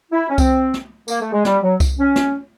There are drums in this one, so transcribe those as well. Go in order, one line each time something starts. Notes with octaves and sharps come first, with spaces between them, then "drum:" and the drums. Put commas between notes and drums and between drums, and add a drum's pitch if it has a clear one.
E4
C#4
C4, drum: kick C2, tambourine
drum: snare
A#3, drum: tambourine
A3
G#3
G3, drum: snare
F#3
drum: kick C2, tambourine
C#4
drum: snare